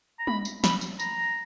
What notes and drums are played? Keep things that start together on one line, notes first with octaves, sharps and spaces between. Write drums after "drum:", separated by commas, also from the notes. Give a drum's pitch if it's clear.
A#5
B5, drum: tom G3
drum: tambourine
B5, drum: snare
drum: tambourine
A#5, drum: tambourine